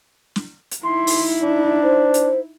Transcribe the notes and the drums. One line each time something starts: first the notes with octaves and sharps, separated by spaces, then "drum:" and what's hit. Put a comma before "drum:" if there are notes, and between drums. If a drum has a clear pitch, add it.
drum: snare
drum: hi-hat
D#4 E4 C6
drum: open hi-hat
D4
C5
drum: hi-hat